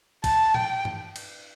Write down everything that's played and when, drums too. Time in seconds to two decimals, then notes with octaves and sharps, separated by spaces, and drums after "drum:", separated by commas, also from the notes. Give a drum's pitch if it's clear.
0.24 A5, drum: kick, cymbal
0.54 G5, drum: tom A#2
0.85 drum: tom G2
1.16 drum: cymbal